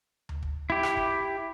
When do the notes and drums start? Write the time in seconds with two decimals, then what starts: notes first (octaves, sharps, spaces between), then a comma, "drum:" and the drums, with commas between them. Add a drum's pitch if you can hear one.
0.29 drum: tom D2
0.43 drum: kick
0.70 E4 G4
0.83 drum: rim click
0.97 drum: kick